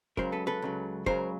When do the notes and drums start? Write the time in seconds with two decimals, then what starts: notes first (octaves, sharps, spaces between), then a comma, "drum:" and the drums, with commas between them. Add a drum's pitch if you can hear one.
0.17 C#2 C#3 F#3 A#4 C5, drum: kick
0.32 A4 B4
0.47 A4 B4
0.62 C#2 C#3 F#3
1.06 C#2 C#3 F#3 A#4 C5, drum: kick